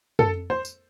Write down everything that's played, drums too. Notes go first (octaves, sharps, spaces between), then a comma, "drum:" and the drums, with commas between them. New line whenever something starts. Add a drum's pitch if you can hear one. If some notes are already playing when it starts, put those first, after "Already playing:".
A4, drum: tom
C5
drum: tambourine